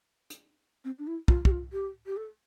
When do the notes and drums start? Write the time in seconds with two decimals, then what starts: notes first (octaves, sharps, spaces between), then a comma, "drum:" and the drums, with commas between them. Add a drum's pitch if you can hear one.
0.30 drum: hi-hat
0.85 C4
0.99 D4
1.07 E4
1.28 F4, drum: kick
1.45 G4, drum: kick
1.51 F4
1.72 G4
2.06 G4
2.17 A4